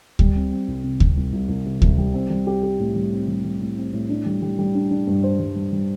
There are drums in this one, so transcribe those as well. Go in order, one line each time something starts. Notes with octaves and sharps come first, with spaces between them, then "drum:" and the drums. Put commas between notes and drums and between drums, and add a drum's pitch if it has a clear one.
G3, drum: kick D2
C4
C4
C2
C3
C4, drum: kick D2
C2
C2
C2
C3
C2, drum: kick D2
G3
C4
G3
G4
G4
A2
G3
C4
G3
G3
A2
C4
A2
D4
G3
G3
G3
D4
D4
G2
C5
G3
G3
G3